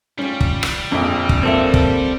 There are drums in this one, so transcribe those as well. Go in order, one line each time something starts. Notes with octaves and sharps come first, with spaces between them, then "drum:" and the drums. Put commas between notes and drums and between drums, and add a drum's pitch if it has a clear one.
G3 A3 C#4 F4
drum: kick
drum: rim click
A#1 F2 D3 F3 D4
drum: kick
A#3 C4 F4 A4 E5
drum: kick